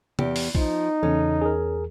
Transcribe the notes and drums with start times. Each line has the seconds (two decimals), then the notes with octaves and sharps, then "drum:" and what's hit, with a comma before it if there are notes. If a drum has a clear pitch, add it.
0.19 E2 G4, drum: tom
0.36 drum: open hi-hat
0.55 F3 D#4, drum: kick A#1
1.03 E2 C#3 C#4 A4
1.42 G#4 A#4